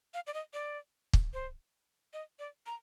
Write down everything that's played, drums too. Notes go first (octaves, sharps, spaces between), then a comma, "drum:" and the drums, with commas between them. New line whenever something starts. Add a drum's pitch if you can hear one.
F5
D5
D#5
D5
drum: kick
C5
D#5
D5
A#5